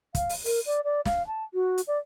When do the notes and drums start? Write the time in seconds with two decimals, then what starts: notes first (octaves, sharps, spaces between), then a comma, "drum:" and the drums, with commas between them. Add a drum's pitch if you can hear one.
0.15 F5, drum: kick, hi-hat
0.29 drum: open hi-hat
0.45 A#4, drum: open hi-hat
0.66 D5
0.84 D5
1.06 F5, drum: snare
1.27 A5
1.54 F#4
1.78 drum: hi-hat
1.87 D5